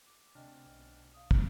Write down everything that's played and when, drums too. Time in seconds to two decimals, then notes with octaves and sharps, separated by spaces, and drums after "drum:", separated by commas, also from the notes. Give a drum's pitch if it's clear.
0.07 D6
0.35 D2 C3 D4 D#5 G5 F6
0.67 B1
1.14 F5 D#6
1.31 drum: kick